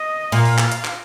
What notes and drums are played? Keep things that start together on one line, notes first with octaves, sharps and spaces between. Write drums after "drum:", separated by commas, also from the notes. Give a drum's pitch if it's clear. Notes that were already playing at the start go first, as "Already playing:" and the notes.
Already playing: D#5
A#2 F5, drum: open hi-hat
drum: open hi-hat
drum: clap
drum: hi-hat
drum: clap